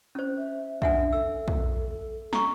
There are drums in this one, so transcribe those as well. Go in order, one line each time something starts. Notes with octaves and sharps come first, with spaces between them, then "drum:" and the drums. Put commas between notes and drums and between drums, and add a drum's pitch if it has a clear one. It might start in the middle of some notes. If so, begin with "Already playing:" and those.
C#4 C5
E5
D4 E5 F#5 G#5, drum: kick
A4 E6
drum: kick
A#5 C#6, drum: snare